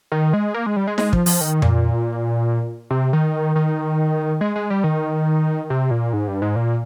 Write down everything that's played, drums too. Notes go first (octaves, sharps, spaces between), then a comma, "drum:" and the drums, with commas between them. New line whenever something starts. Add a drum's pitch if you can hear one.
D#3
G#3
A#3
G#3
G3
G#3
G#3, drum: snare D#4
F3, drum: kick
F3, drum: open hi-hat
D#3
A#2, drum: tom F2
C3
D#3
D#3
G#3
G#3
G3
D#3
C3
A#2
G#2
G2
G#2
A#2